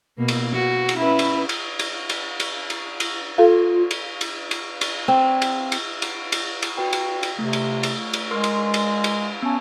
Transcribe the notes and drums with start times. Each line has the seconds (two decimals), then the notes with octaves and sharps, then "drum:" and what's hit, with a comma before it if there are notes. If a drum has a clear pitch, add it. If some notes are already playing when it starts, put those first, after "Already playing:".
0.18 B2 A#3
0.28 drum: cymbal
0.53 F#4
0.89 drum: cymbal
0.98 C#4 E4 B4
1.19 drum: cymbal
1.49 drum: cymbal
1.79 drum: cymbal
2.09 drum: cymbal
2.40 drum: cymbal
2.70 drum: cymbal
3.00 drum: cymbal
3.38 F4 A4 F5
3.91 drum: cymbal
4.21 drum: cymbal
4.51 drum: cymbal
4.81 drum: cymbal
5.08 C4
5.42 drum: cymbal
5.72 drum: cymbal
6.02 drum: cymbal
6.32 drum: cymbal
6.62 drum: cymbal
6.78 F#4 B4 G5
6.93 drum: cymbal
7.23 drum: cymbal
7.39 C3 A3
7.53 drum: cymbal
7.83 drum: cymbal
8.13 drum: cymbal
8.31 G#3 A#4 C6 F6
8.44 drum: cymbal
8.74 drum: cymbal
9.04 drum: cymbal
9.42 B3 C#4 A5